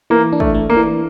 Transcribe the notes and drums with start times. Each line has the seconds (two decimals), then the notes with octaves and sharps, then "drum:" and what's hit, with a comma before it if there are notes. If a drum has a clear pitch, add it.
0.10 E3 A#3
0.33 D4
0.40 A3, drum: kick
0.55 A3
0.70 A#3
0.77 E3